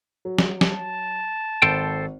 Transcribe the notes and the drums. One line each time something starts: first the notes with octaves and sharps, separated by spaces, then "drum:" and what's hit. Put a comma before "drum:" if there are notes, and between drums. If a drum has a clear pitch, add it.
F#3
drum: snare
A5, drum: snare
G#1 A4 C5 G5